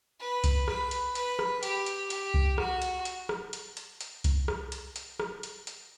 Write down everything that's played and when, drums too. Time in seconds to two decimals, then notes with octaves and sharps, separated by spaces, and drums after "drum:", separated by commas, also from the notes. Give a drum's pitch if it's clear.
0.20 B4
0.44 drum: kick C2, hi-hat
0.68 B4, drum: rim click
0.91 drum: hi-hat
1.15 B4, drum: hi-hat
1.39 drum: rim click
1.63 G4, drum: hi-hat
1.86 drum: hi-hat
2.10 G4, drum: hi-hat
2.34 drum: kick C2
2.58 F#4, drum: rim click
2.82 drum: hi-hat
3.05 drum: hi-hat
3.29 drum: rim click
3.53 drum: hi-hat
3.77 drum: hi-hat
4.01 drum: hi-hat
4.24 drum: kick C2, hi-hat
4.48 drum: rim click
4.72 drum: hi-hat
4.96 drum: hi-hat
5.20 drum: rim click
5.43 drum: hi-hat
5.67 drum: hi-hat